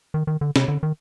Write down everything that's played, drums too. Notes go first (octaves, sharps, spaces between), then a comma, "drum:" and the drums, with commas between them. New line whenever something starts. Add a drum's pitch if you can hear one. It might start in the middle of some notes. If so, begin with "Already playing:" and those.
D#3
D#3
D3
C3, drum: snare
D3
D#3